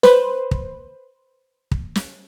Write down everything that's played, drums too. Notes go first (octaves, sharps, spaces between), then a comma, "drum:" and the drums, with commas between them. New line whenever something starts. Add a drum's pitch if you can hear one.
B4 C5, drum: snare
drum: kick
drum: kick
drum: snare